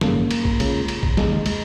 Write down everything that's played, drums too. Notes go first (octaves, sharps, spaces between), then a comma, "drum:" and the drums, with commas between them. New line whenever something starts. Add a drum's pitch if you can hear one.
G#1 F#2 C#3 A#3, drum: snare
drum: cymbal
drum: kick A#1
C#2 C#3, drum: cymbal
drum: cymbal
drum: kick A#1
F1 D#2 C#3 G#3, drum: snare
G#3, drum: cymbal